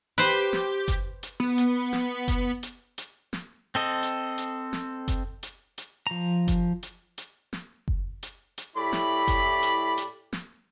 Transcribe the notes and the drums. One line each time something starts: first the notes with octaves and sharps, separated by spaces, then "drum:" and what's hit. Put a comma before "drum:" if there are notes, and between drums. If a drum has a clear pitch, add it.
G4 B4 C5, drum: hi-hat
drum: snare
drum: kick F#1, hi-hat
drum: hi-hat
B3
drum: hi-hat
drum: snare
drum: kick F#1, hi-hat
drum: hi-hat
drum: hi-hat
drum: snare
C4 A4 D#5
drum: hi-hat
drum: hi-hat
drum: snare
drum: kick F#1, hi-hat
drum: hi-hat
drum: hi-hat
F3 A#5
drum: kick F#1, hi-hat
drum: hi-hat
drum: hi-hat
drum: snare
drum: kick F#1
drum: hi-hat
drum: hi-hat
A2 E4 G4 D5 B5
drum: snare
drum: kick F#1, hi-hat
drum: hi-hat
drum: hi-hat
drum: snare